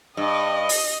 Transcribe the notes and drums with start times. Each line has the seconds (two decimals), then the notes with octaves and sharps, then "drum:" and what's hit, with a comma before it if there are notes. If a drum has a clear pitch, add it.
0.17 G2 D#5
0.69 drum: open hi-hat